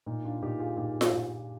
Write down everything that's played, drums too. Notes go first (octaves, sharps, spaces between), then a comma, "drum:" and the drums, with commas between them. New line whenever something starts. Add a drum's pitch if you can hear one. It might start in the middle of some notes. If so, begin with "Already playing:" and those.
A#2 D#4
D4 F4
A#2 D#4 G4
F4 G#4
A#2 D#4 G4
drum: snare F4
A#2